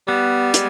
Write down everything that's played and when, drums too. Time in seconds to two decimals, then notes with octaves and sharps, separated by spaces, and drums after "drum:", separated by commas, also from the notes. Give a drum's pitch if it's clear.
0.08 G3 B3
0.54 G#3, drum: hi-hat